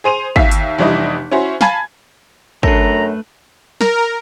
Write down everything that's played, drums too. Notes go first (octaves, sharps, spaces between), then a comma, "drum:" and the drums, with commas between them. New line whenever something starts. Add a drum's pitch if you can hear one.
G#4 C5 D#7 F7
D#2 E5 F5 B6, drum: kick
drum: hi-hat
F1 E3 G3 D4 E4 D#5
C#4 E4 F#4 C5
F5 G#5 A5 B5 G#6, drum: snare
F#2 A3 D4 A4 B4 A5 A#5, drum: kick
A#4, drum: snare